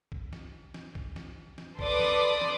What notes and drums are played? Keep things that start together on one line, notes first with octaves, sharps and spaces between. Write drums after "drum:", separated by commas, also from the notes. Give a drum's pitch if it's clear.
drum: kick B1
drum: snare
drum: snare
drum: kick B1
drum: snare
drum: snare
A4 B4 D5 C6 D6 D#6, drum: kick B1
drum: snare
drum: snare